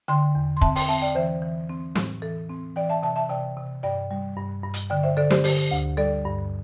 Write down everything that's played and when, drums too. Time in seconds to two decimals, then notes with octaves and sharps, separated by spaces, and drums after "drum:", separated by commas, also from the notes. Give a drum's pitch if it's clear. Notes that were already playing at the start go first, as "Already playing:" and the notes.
0.08 D3 G5 C6
0.35 E2
0.57 C6
0.61 C4 E5 A5, drum: kick
0.76 G5 C6, drum: open hi-hat
0.88 C4 E5 A5
1.02 D5 G5
1.15 E3 C5 E5
1.42 E3
1.69 C4
1.95 A2, drum: snare
2.22 E3 A4
2.49 C4
2.76 E3 D5 G5
2.89 E5 A5
3.03 C3 E5 A5
3.16 E5 A5
3.29 C3 D5 G5
3.57 C3
3.83 G2 D5 G5
4.11 G3
4.37 G2
4.63 G2
4.74 drum: hi-hat
4.90 D3 D5 G5
5.03 C5 E5
5.17 D3 A4 D5
5.30 G4 C5, drum: snare
5.44 D3 G4 C5, drum: open hi-hat
5.71 D2
5.97 G3 A4 D5
6.25 G2